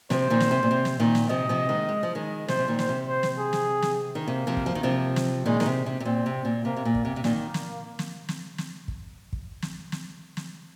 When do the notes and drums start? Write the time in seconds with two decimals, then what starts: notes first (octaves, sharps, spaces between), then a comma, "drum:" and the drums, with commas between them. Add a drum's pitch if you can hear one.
0.10 C3 F3 C5, drum: snare
0.30 A#2 D#3
0.40 drum: snare
0.51 C3
0.63 A#2
0.71 C3
0.85 drum: snare
1.00 A#2 D#3
1.15 drum: snare
1.29 C3 F3 D#5
1.49 C3 F3
1.69 D#3 G#3
1.89 G#3
2.03 F3
2.15 D#3 G#3
2.48 C3 F3 C5, drum: snare
2.59 C3
2.68 A#2 D#3
2.79 C5, drum: snare
2.89 C3
3.08 C5
3.23 drum: snare
3.38 G#4
3.53 drum: snare
3.82 drum: snare
4.15 D#3
4.27 C3 A#3
4.47 C3 F3
4.57 drum: kick
4.66 F3
4.75 D#3
4.83 C3 F3
5.16 drum: snare
5.46 A#2 D#3 G#3
5.60 D#3, drum: snare
5.66 C3
5.86 C3
6.00 C3
6.05 A#2 C4
6.26 C3
6.45 A#2
6.65 C3 A#3
6.77 C3
6.85 A#2
6.95 A#3, drum: kick
7.05 C3
7.16 C3
7.24 A#2 D#3, drum: snare
7.54 drum: snare
7.99 drum: snare
8.29 drum: snare
8.58 drum: snare
8.88 drum: kick
9.33 drum: kick
9.62 drum: snare
9.92 drum: snare
10.37 drum: snare